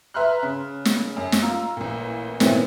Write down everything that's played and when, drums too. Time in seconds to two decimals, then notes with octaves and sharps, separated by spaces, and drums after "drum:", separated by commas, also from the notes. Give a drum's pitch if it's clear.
0.14 B4 E5 A#5 C6 F6 F#6
0.43 C#3
0.85 drum: snare
1.17 F#2
1.32 drum: snare
1.42 F4 A#5 E6
1.77 A1 A#2
2.40 A#2 D#3 E3 F#3 B3 C4, drum: snare